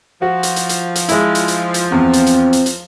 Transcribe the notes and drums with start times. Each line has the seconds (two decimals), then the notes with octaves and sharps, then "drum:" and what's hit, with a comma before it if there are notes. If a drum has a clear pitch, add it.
0.22 F3 F#4
0.43 drum: hi-hat
0.56 drum: hi-hat
0.69 drum: hi-hat
0.95 drum: hi-hat
1.09 G#3 E4, drum: hi-hat
1.35 drum: hi-hat
1.48 drum: hi-hat
1.74 drum: hi-hat
1.92 E2 C4
2.13 drum: hi-hat
2.26 drum: hi-hat
2.53 drum: hi-hat
2.66 drum: hi-hat